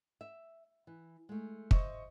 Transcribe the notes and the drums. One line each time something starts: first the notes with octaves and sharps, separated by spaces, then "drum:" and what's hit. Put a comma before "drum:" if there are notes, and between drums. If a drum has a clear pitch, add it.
E5
E3
G#3 A3
C5 D#5 E5 C#6, drum: kick